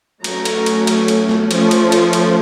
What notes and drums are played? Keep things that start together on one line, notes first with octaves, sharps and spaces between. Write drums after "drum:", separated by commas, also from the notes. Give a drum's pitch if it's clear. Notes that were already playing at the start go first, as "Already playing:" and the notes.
F#3 A3 C#4 A#5, drum: cymbal
drum: cymbal
drum: cymbal
drum: cymbal
drum: cymbal
drum: snare
F3 A3 C#4, drum: cymbal
drum: cymbal
drum: cymbal
drum: cymbal